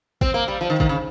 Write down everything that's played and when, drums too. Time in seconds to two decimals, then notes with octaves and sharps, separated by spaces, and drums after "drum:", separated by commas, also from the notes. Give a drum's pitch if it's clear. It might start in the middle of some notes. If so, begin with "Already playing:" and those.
0.21 C4, drum: kick G#1
0.34 A#3
0.48 G3
0.61 F3
0.70 D#3
0.80 D#3, drum: kick G#1
0.89 C#3